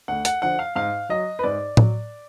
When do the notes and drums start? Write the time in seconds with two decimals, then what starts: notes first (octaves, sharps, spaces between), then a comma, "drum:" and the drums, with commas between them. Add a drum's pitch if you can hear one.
0.08 D2 F#5
0.25 F#5, drum: hi-hat
0.42 D3 F3 F#5
0.59 F5
0.76 G#2 F5
1.09 F#3 D#5
1.39 B4
1.43 G#2 D5
1.77 F#3, drum: tom A2